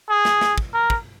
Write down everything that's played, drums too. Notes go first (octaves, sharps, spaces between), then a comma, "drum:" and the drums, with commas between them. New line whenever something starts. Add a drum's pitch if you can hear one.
G#4
drum: snare
drum: snare
drum: kick
A#4
drum: kick